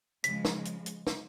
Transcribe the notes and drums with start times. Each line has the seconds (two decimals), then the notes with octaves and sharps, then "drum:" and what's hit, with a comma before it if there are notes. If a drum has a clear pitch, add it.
0.24 C#3 F3 G#3 B6, drum: hi-hat
0.45 drum: snare
0.65 drum: hi-hat
0.86 drum: hi-hat
1.07 drum: snare